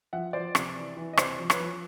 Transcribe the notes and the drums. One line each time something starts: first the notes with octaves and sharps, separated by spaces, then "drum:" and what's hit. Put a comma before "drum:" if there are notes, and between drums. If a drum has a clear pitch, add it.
F3 E5 F#5
F3 C5 D5
C3, drum: rim click
E3
E3
D#5
C3 C5 D5, drum: rim click
F3
B4 C#5, drum: rim click
F3